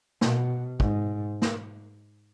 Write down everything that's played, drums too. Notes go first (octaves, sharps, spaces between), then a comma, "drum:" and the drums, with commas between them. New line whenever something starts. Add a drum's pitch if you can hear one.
B2, drum: snare
G#2, drum: kick
drum: snare